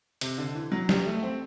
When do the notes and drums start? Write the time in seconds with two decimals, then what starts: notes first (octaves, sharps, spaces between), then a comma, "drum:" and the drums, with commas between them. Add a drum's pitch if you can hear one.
0.21 C3, drum: hi-hat
0.38 D3
0.55 E3
0.72 F#3
0.89 G3, drum: snare
1.06 A3
1.23 C4